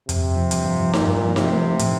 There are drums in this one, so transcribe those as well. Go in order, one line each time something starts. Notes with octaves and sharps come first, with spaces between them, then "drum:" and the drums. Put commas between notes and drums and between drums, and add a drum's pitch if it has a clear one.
F2 C3, drum: hi-hat
F2
F3
G2, drum: hi-hat
F3
G2
G2 A#2, drum: snare D#4
G2
F3
C3 F3, drum: snare D#4
A3
F3
A2, drum: hi-hat